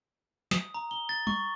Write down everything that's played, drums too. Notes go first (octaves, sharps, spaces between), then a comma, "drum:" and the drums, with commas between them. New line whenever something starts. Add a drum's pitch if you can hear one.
D#6, drum: snare
A#5
G7
A6
C#6, drum: tom G3